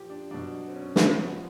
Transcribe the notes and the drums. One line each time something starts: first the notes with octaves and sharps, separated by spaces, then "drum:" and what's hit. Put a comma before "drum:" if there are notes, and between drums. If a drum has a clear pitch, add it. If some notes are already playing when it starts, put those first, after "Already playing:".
Already playing: A#2 F3 G4
D4
B2 F#3 D4
C4
C#4
C4, drum: snare
A#2 F3 B3